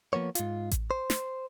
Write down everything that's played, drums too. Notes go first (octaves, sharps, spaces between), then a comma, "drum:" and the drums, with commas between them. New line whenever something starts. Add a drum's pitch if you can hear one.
F3 A#3 B3 C#5
G#2 F4, drum: hi-hat
drum: kick A1, hi-hat
C5
drum: snare